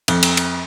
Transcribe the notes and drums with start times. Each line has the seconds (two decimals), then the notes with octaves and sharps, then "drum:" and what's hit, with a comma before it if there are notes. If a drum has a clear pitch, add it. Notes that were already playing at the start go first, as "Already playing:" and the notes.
0.08 F2, drum: cymbal
0.23 drum: cymbal
0.37 drum: cymbal